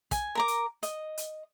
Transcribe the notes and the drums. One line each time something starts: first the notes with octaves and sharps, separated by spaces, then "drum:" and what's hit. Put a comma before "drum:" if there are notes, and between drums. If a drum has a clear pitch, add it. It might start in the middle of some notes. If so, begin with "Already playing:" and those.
G#5, drum: kick, hi-hat
A#4 A#5 D6
drum: hi-hat
D#5, drum: hi-hat
drum: hi-hat